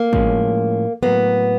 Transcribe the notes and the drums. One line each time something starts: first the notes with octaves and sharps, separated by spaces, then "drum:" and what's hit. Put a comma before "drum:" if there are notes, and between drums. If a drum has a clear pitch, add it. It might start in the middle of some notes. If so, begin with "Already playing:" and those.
Already playing: A#3
A2 F3 G#3 C#4, drum: kick
A2 F#3 A#3 B3